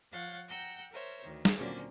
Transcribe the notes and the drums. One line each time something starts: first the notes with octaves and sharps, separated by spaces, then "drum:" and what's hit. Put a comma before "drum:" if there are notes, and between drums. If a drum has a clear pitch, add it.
F3 C#5 F5 F#5 G6 A6
F#5 G5 A#5 E6 G6
A#4 C5 C#5 E5
D2 D#3
drum: snare
A#2 D3 F#3 A#3 C4 C#4